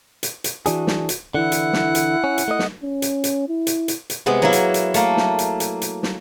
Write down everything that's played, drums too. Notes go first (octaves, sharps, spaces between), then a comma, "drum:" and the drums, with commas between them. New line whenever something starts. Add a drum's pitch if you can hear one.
drum: hi-hat
drum: hi-hat
E3 D4 F#4 G#4, drum: hi-hat
drum: snare
drum: hi-hat
D3 E3 E4 F#5
drum: hi-hat
drum: snare
drum: hi-hat
C#4
drum: hi-hat
A3 D#5
drum: snare
C#4
drum: hi-hat
drum: hi-hat
E4
drum: hi-hat
drum: hi-hat
drum: hi-hat
C3 G#3 B3
F#3 A#3 E4
drum: hi-hat
drum: hi-hat
A3 A#3, drum: hi-hat
drum: snare
drum: hi-hat
drum: hi-hat
drum: hi-hat
drum: snare